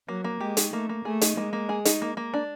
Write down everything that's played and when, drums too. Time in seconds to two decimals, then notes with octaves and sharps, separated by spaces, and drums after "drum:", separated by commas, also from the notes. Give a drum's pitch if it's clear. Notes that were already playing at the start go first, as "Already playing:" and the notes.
0.08 F#3 A#3
0.24 A#3
0.40 G#3 G4
0.57 D#4, drum: hi-hat
0.73 A3 A#3
0.89 A#3
1.05 A3 G#4
1.21 D#4, drum: hi-hat
1.37 G#3 A#3
1.53 A#3
1.69 G#4
1.85 D#4, drum: hi-hat
2.02 A#3
2.17 A#3
2.34 D4